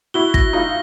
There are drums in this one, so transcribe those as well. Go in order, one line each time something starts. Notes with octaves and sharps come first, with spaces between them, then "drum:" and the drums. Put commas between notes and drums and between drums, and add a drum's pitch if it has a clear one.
E4 F#4 G7
A#6, drum: kick
D#4 F4 A#6